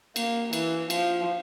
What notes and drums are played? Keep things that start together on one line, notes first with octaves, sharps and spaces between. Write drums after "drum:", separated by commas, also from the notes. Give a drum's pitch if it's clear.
A#3, drum: cymbal
E3, drum: cymbal
F3, drum: cymbal